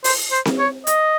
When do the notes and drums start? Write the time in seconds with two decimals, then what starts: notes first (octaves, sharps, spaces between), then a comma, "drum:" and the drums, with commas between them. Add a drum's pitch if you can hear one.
0.04 C5, drum: open hi-hat
0.31 C5
0.45 drum: snare C4
0.59 C#5
0.87 D#5, drum: hi-hat